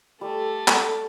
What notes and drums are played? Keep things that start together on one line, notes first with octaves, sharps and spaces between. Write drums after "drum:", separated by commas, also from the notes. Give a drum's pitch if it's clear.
G3 A3 A4
drum: clap